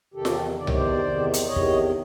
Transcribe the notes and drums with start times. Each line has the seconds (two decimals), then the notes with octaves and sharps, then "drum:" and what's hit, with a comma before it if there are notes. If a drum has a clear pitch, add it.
0.14 E2 C3 D#3 G4 A4
0.25 drum: snare F4
0.59 E2 C3 D#3 D5
0.67 C#5, drum: tom C2
0.74 C5 D5
1.04 E2 C3 D#3
1.34 drum: hi-hat
1.47 E2 C3 D#3 C#5 D#5
1.56 drum: kick